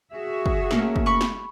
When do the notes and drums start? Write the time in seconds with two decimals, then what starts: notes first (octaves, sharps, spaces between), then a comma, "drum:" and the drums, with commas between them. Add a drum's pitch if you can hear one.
0.13 F#4 G#4 E5
0.46 drum: kick
0.71 A3 A#3 C#4, drum: snare
0.96 drum: kick
1.06 B5 C#6
1.21 drum: snare